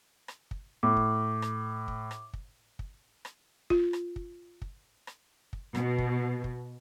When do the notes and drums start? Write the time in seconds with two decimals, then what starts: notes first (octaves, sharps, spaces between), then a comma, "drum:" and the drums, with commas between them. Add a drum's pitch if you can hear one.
0.28 drum: rim click
0.51 drum: kick
0.83 A2 D6
0.97 drum: kick
1.42 drum: rim click
1.88 drum: kick
2.11 drum: rim click
2.33 drum: kick
2.79 drum: kick
3.25 drum: rim click
3.70 F4, drum: kick
3.93 drum: rim click
4.16 drum: kick
4.62 drum: kick
5.07 drum: rim click
5.53 drum: kick
5.75 B2, drum: rim click
5.98 drum: kick
6.44 drum: kick